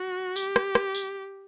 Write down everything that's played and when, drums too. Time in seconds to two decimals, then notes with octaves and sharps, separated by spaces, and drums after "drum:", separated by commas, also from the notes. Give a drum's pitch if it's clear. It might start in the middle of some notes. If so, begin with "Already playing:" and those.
Already playing: F#4
0.36 G4, drum: tambourine
0.56 drum: rim click
0.75 drum: rim click
0.95 drum: tambourine